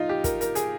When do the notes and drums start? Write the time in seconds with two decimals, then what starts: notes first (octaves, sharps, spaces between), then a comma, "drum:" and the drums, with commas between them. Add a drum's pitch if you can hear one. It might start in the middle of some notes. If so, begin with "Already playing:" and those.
Already playing: D#4 F4
0.09 G4
0.24 A#4, drum: kick, hi-hat
0.41 A#4, drum: hi-hat
0.55 G#4, drum: hi-hat